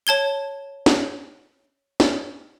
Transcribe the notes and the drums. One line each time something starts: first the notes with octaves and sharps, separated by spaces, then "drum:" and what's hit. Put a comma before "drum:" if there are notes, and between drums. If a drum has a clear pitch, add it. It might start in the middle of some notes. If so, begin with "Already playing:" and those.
C#5 A5 G#6 G7
drum: snare
drum: snare